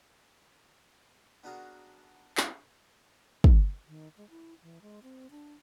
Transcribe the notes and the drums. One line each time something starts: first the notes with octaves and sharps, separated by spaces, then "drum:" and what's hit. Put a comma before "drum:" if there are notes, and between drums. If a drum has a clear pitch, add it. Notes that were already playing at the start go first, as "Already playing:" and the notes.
B3 D4 F#4 G#4 A#4
drum: clap
drum: kick
D#3
G#3
E4
E3
G#3
C4
D4